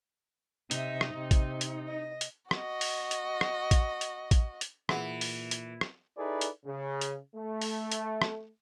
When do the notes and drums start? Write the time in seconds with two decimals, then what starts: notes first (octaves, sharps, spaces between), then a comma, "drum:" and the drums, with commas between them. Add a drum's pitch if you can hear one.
0.71 C3 D#4 E5, drum: hi-hat
1.01 drum: rim click
1.10 C3
1.31 drum: kick, hi-hat
1.61 drum: hi-hat
1.88 D#5
2.21 drum: hi-hat
2.51 F#4 D#5, drum: rim click
2.81 drum: open hi-hat
3.11 drum: hi-hat
3.41 drum: rim click
3.71 drum: kick, hi-hat
4.01 drum: hi-hat
4.31 drum: kick, hi-hat
4.61 drum: hi-hat
4.89 A#2 E3 G#4 E5 F#5, drum: rim click
5.21 drum: open hi-hat
5.51 drum: hi-hat
5.81 drum: rim click
6.17 D#4 E4 G#4 A4 B4 D5
6.41 drum: hi-hat
6.65 C#3
7.01 drum: hi-hat
7.36 A3
7.61 drum: open hi-hat
7.92 drum: hi-hat
8.22 drum: rim click